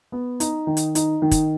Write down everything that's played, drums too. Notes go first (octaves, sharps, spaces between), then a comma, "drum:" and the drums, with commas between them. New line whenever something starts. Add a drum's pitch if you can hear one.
B3
D#4, drum: hi-hat
D#3
drum: hi-hat
D#4, drum: hi-hat
D#3
drum: kick, hi-hat